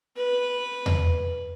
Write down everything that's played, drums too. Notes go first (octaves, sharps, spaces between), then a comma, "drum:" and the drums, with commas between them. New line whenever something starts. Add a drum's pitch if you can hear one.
B4
drum: tom E2